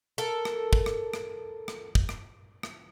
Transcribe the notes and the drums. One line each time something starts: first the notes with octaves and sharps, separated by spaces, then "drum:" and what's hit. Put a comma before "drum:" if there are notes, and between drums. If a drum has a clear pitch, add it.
A4 A#4
drum: rim click
drum: kick
drum: rim click
drum: rim click
drum: rim click
drum: kick
drum: rim click
drum: rim click